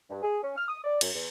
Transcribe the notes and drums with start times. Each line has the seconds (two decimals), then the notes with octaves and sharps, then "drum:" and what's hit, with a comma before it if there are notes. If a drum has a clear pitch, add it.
0.10 G2
0.23 G#4
0.43 C#4
0.56 F6
0.69 D#6
0.84 D5
1.01 F#2, drum: cymbal
1.14 E2